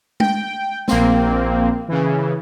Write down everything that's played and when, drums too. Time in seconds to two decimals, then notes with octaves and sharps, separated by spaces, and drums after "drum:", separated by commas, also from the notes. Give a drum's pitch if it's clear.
0.20 G5, drum: tom G#3
0.88 A#1 A#3 C4, drum: snare
1.88 C#3 E3